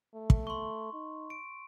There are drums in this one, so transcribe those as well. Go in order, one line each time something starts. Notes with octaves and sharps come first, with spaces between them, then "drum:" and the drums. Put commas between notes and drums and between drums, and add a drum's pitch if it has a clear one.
A3
drum: kick
C6 C#6
D#4
D7